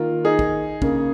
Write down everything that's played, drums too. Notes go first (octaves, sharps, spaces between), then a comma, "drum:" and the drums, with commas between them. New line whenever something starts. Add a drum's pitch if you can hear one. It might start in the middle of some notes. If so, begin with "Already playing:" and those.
Already playing: D#3 A#3 F4 A#4
D#4 G#4
drum: kick
C#3 A#3, drum: kick